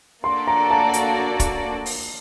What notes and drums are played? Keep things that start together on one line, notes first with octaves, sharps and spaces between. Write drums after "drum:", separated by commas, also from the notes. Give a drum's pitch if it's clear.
A#3 D4 F#4 A4 D5 C6
A#5
A5
drum: hi-hat
drum: kick, hi-hat
drum: open hi-hat